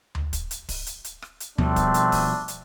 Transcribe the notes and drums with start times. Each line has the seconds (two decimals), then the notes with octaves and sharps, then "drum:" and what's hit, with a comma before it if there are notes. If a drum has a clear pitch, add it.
0.15 drum: tom D2
0.33 drum: kick, hi-hat
0.51 drum: hi-hat
0.69 drum: kick, open hi-hat
0.87 drum: hi-hat
1.04 drum: hi-hat
1.22 drum: rim click
1.40 drum: hi-hat
1.58 B2 F3 G3 A3 C4 D4, drum: tom D2
1.76 drum: kick, hi-hat
1.94 drum: hi-hat
2.12 drum: kick, open hi-hat
2.48 drum: hi-hat